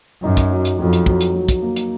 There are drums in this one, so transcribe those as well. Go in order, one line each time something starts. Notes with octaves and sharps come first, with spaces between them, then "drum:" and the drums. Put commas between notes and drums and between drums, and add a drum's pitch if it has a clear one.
F#2 D#4
drum: kick, hi-hat
F#3
drum: hi-hat
F2 F#3
drum: hi-hat
F#3, drum: kick
drum: hi-hat
F#3
drum: kick, hi-hat
A#3
drum: hi-hat